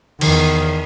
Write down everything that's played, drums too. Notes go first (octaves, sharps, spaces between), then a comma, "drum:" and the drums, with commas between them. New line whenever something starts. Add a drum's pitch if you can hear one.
E2 D#3, drum: cymbal